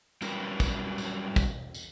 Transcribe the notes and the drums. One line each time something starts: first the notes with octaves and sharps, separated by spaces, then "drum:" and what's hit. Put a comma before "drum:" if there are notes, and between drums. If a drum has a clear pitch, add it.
F#3 G3 C#4 A#4 B4, drum: tambourine
drum: kick, tambourine
drum: tambourine
drum: kick, tambourine
drum: tambourine